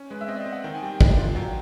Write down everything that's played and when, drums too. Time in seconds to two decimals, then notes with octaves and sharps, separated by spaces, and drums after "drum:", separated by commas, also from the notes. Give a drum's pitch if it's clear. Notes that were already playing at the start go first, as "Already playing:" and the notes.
Already playing: C#4
0.10 G#3 B4
0.21 E5
0.28 C4 D#5
0.36 D5
0.40 D#5
0.46 C4
0.52 F#5
0.64 D#3 G5
0.75 G#5
0.83 G3 G5
1.01 D4, drum: kick
1.18 F4
1.36 F#3 G5